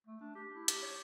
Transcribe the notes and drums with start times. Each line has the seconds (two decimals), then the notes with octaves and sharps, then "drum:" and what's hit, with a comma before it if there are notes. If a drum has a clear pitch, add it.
0.07 A3
0.21 D4
0.35 G4
0.55 E4
0.68 G4, drum: hi-hat
0.82 C#5